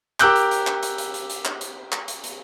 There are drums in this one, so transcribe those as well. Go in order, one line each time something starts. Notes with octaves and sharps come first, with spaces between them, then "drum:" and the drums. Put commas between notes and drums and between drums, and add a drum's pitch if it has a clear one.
G4 A#4 D6 E6 F#6 G6, drum: clap
drum: hi-hat
drum: hi-hat
drum: clap
drum: hi-hat
drum: hi-hat
drum: hi-hat
drum: hi-hat
drum: clap
drum: hi-hat
drum: clap
drum: hi-hat
drum: hi-hat